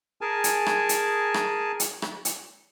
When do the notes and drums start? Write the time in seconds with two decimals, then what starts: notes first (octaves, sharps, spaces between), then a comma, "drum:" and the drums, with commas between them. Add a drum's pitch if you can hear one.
0.21 G#4 A#4 G#5 A5
0.44 drum: hi-hat
0.66 drum: rim click
0.89 drum: hi-hat
1.34 drum: rim click
1.80 drum: hi-hat
2.02 drum: rim click
2.25 drum: hi-hat